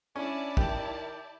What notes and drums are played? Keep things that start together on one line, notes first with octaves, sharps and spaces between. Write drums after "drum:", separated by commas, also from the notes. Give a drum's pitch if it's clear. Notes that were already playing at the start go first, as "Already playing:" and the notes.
C#4 D4 E4 D5 A5
D#3 G4, drum: kick